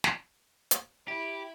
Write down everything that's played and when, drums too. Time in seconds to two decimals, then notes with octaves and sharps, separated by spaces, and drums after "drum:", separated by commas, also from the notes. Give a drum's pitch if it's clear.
0.04 drum: snare
0.71 drum: hi-hat
1.08 E4 G4 B5